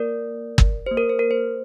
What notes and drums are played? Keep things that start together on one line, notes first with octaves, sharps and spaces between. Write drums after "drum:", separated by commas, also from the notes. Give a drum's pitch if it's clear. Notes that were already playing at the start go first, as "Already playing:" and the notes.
Already playing: A#3 A#4 D5
drum: kick
A#3 G4 C5
A#4
C5
A#4
C5